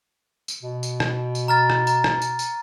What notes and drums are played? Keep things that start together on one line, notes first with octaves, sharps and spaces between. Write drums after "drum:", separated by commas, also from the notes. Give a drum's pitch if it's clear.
drum: tambourine
B2
drum: tambourine
drum: rim click
drum: tambourine
A#5 F6 A6
drum: rim click
A#5, drum: tambourine
drum: rim click
drum: tambourine
drum: tambourine